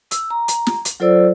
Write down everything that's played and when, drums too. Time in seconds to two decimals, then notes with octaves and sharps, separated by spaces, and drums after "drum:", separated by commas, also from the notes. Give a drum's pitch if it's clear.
0.11 E6, drum: hi-hat
0.31 A#5
0.48 drum: hi-hat
0.67 drum: snare
0.85 drum: hi-hat
1.00 F#3 F4 A4 C5 D5 E6